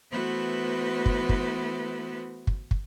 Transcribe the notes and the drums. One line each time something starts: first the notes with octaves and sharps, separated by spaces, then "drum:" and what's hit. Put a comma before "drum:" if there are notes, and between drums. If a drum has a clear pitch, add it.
E3 A3 B3 F#4 B4 C5
drum: kick
drum: kick
drum: kick
drum: kick